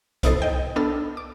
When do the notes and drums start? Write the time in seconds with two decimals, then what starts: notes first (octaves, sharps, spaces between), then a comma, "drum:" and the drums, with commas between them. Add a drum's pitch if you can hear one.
0.23 C3 B3 D#4 E4 A4 C5, drum: kick B1, hi-hat
0.42 D#5 G5
0.76 B3 D4 A4 A5 E6 F6
1.17 D6